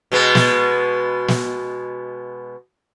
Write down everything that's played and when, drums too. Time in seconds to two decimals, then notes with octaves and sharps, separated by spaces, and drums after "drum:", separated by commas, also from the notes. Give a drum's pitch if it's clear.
0.12 B2 G#3 B3
0.35 drum: snare
1.28 drum: snare